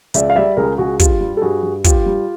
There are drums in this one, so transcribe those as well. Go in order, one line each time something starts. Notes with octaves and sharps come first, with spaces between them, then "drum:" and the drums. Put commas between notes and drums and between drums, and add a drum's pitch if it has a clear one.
C#2 D5 E5, drum: hi-hat
F5
G3 D5 E5
C#2 G#4 A#4
C#2 F#4 G#4
G2 F4 G4, drum: kick, hi-hat
G3
A4
G2 F#4 G#4
G2
G2 F4 G4, drum: kick, hi-hat
G3